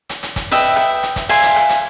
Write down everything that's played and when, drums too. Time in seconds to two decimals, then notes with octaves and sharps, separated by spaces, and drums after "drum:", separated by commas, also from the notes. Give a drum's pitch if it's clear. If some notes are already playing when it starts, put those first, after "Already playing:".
0.09 drum: hi-hat
0.23 drum: hi-hat
0.36 drum: kick, hi-hat
0.51 B4 D#5 E5 G5, drum: open hi-hat
0.76 drum: rim click
1.03 drum: hi-hat
1.16 drum: kick, hi-hat
1.29 E5 F5 G#5 C6, drum: open hi-hat
1.43 drum: hi-hat
1.56 drum: rim click
1.69 drum: hi-hat